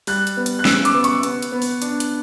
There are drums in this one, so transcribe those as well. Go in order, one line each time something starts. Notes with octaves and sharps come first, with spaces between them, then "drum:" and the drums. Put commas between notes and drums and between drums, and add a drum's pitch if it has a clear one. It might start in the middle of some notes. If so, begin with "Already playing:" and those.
G3 F#6, drum: open hi-hat
drum: hi-hat
B3
drum: hi-hat
F#6
C#3 E6, drum: snare
D6, drum: hi-hat
B3
C#6, drum: hi-hat
B3, drum: hi-hat
drum: hi-hat
B3
drum: open hi-hat
D4, drum: hi-hat
drum: hi-hat